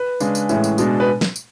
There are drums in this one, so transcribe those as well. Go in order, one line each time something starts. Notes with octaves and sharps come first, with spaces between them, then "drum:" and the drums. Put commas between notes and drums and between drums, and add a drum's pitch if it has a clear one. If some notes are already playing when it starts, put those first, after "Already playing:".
Already playing: B4
C#3 G#3 D4, drum: tambourine
drum: tambourine
A2 E3 G#3 C#4, drum: tambourine
drum: tambourine
B2 G#3 D4, drum: tambourine
B4
drum: snare
drum: tambourine